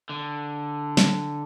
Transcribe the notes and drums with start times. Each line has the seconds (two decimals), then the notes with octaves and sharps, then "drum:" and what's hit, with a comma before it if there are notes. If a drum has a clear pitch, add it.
0.09 D3
0.97 drum: snare